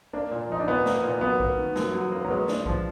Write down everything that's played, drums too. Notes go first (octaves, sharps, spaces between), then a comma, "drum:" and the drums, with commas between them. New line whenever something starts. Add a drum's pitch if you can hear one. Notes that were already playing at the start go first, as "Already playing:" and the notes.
A#3 D4
A#2
F3 D#4
D4
A#2 B3
A#3, drum: snare A#3
A#2
F#3 B3
A#3, drum: kick B1
D#3
F#2, drum: snare A#3
F#3
A#3
F#3
G#3 B3
D4, drum: snare A#3
F3, drum: kick B1